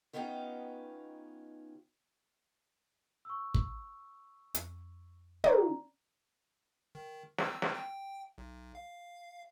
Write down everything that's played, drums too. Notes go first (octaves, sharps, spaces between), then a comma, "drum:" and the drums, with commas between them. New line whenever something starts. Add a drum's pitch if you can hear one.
D#3 B3 C#4 D#4 F4 G4
C#6 E6
drum: kick
F2, drum: hi-hat
D#3 D5 A#5, drum: tom
D#3
E6, drum: snare
drum: snare
G5
B1
F5